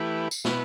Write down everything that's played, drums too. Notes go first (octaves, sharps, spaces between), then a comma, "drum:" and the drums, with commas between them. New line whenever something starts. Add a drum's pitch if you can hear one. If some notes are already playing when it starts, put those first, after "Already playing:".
Already playing: E3 A3 E4 G4 B4
drum: tambourine
B2 B3 E4 B4, drum: snare